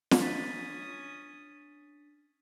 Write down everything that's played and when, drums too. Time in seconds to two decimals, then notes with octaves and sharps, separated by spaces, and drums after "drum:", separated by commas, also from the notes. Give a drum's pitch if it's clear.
0.11 drum: snare
0.21 C#4 D4 D#6 A6 B6